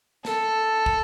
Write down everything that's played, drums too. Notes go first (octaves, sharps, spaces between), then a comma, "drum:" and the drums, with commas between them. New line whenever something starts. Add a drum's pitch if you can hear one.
A4, drum: snare
drum: kick